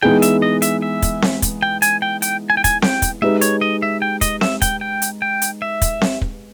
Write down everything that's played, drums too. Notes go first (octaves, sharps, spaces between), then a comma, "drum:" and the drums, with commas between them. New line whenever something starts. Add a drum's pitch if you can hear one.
E3 G#3 B3 D#4 G#4 G5
E5, drum: hi-hat
D#5
E5, drum: hi-hat
E5
drum: kick, hi-hat
drum: snare C4
drum: kick, hi-hat
G5
G#5, drum: hi-hat
G5
G5, drum: hi-hat
G#5
G5
G#5, drum: kick, hi-hat
G5, drum: snare C4
drum: kick, hi-hat
G#3 D#4 G4 B4 E5
C#5, drum: hi-hat
D#5
E5
G5
D#5, drum: kick, hi-hat
E5, drum: snare C4
G5, drum: kick, hi-hat
G5
drum: hi-hat
G5
drum: hi-hat
E5
drum: kick, hi-hat
drum: snare C4
drum: kick